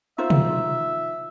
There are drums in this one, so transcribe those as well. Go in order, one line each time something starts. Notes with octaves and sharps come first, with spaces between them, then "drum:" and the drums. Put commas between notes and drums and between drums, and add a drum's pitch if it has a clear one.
D#4 F4 C5 E5
drum: tom